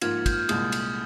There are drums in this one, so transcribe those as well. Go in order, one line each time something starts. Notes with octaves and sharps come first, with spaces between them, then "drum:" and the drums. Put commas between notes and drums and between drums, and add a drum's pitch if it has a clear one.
G#2 F3 A#3 F4 F6 G#6, drum: cymbal
G6, drum: kick, cymbal
F6
G6
C2 A#2 G#3 D#6, drum: cymbal
drum: cymbal